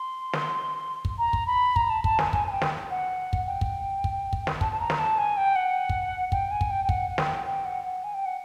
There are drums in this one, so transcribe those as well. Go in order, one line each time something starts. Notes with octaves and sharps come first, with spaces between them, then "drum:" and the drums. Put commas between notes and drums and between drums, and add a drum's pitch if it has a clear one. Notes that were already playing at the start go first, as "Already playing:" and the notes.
Already playing: C6
drum: snare
drum: kick
A#5
drum: kick
B5
A#5, drum: kick
A5
A5, drum: kick
G#5, drum: snare
G#5, drum: kick
G#5
G5
drum: snare
F#5
drum: kick
G5
drum: kick
drum: kick
drum: kick
drum: snare
A5, drum: kick
A5
A#5
drum: snare
A5
G#5
G5
F#5
drum: kick
G5, drum: kick
G#5
drum: kick
G5
G5
F#5, drum: kick
F#5
G5, drum: snare
G5
F#5
F#5
G#5
G5
F#5